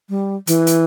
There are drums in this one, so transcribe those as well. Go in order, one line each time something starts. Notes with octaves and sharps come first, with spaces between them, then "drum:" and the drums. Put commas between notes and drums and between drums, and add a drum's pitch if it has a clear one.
G3
E3, drum: hi-hat
drum: hi-hat